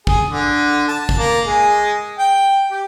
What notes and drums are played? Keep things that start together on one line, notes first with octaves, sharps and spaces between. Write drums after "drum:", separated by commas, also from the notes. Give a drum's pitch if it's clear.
G#4, drum: kick
D3
A5
drum: kick
A#3
G#3
G5
G4